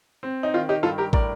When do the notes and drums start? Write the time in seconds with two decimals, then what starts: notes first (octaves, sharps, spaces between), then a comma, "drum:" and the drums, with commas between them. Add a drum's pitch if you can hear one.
0.23 C4
0.43 D#4
0.54 D#3 F4
0.69 D#4 G4
0.83 G2 F4 A4
0.98 G4 A#4
1.13 A2 A#4 D5, drum: kick